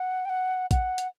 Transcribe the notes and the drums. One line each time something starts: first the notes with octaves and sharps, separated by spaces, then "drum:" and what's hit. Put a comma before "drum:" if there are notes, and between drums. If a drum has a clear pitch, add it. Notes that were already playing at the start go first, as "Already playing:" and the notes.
Already playing: F#5
G5
F#5
F#5, drum: kick, hi-hat
drum: hi-hat